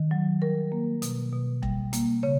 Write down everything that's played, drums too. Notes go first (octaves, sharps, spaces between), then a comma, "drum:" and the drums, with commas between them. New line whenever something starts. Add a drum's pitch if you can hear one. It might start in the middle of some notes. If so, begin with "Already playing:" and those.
Already playing: D#3
F#3
G3 A#4
A#3
B2, drum: hi-hat
B2
G3, drum: kick E1
A#3, drum: hi-hat
C#3 C#5